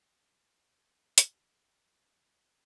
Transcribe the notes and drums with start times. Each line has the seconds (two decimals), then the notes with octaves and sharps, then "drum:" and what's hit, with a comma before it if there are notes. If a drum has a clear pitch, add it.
1.18 B1 G3, drum: hi-hat